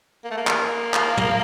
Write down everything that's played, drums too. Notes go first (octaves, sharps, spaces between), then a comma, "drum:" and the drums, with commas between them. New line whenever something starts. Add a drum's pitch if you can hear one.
A#3
A3
A#3
drum: clap
drum: clap
drum: tom